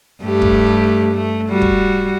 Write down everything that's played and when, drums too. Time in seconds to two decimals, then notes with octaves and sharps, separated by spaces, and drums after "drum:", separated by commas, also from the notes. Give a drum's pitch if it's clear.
0.23 G2 A3 G4
0.42 drum: kick
1.14 A3
1.50 G3 F#4
1.62 drum: kick